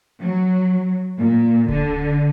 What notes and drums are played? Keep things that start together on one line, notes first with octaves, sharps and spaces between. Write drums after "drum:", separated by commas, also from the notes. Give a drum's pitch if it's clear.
F#3
A#2
D3, drum: kick D1